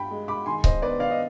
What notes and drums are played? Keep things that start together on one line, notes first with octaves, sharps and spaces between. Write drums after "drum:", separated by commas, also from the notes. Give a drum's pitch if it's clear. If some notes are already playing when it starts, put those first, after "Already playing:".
Already playing: G2 G5 B5
G#3
B5 D6
D#3 G#5 C6
C5 D#5, drum: kick C#1
B3 B4 D5
D5 F5
D#5